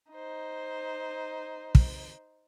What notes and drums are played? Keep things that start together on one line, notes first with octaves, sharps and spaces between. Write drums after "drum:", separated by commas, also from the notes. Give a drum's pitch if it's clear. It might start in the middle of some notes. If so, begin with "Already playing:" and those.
D#4 C5
drum: kick